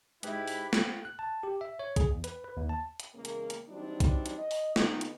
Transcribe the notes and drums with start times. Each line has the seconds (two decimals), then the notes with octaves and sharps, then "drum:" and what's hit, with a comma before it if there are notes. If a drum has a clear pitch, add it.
0.23 G#2 G#3 E4 G4 B4 E5 B5, drum: hi-hat
0.48 drum: open hi-hat
0.73 drum: snare
1.05 F#6
1.19 A5
1.43 G4
1.61 E5
1.79 C#5
1.96 G#4, drum: kick C2, hi-hat
2.11 E2
2.24 B4, drum: hi-hat
2.44 B4
2.57 D#2
2.69 A5
3.00 drum: hi-hat
3.15 E2 C#3 G#3 A#3
3.25 drum: hi-hat
3.50 drum: hi-hat
3.69 E3 F#3 G3 C4 D4 D#4
4.00 drum: kick C2, hi-hat
4.26 drum: hi-hat
4.38 D#5
4.51 drum: open hi-hat
4.76 D3 B3 D#4, drum: snare
5.01 drum: hi-hat